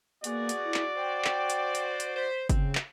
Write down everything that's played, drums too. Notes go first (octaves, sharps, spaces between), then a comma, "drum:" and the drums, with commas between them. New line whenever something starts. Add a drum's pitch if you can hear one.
A#3 B3 F#4 G#4 D5, drum: hi-hat
drum: hi-hat
E4
drum: clap
C5 G5
drum: clap
drum: hi-hat
drum: hi-hat
drum: hi-hat
C5 B6
C#3 C4, drum: kick F#1, hi-hat
drum: clap